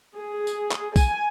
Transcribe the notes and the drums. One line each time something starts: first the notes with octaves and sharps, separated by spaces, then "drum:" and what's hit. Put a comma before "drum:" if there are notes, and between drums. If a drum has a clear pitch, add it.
G#4
drum: tambourine
drum: clap
G#5, drum: kick B1, tambourine